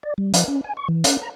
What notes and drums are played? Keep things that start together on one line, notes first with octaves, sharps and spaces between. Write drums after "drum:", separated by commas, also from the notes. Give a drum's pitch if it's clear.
D5
G3
F3, drum: hi-hat
C#4
G#5
C#6
E3
C#4, drum: hi-hat
A#5